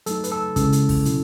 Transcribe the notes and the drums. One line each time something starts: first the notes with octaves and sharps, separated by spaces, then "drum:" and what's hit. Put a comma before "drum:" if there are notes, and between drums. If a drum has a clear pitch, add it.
F#3 A3 D#4 A4, drum: hi-hat
B4, drum: hi-hat
A4
C#3 G#3 C#4 E4 A4, drum: kick, hi-hat
drum: hi-hat
drum: kick, open hi-hat
B2 F#3 C#4 E4, drum: hi-hat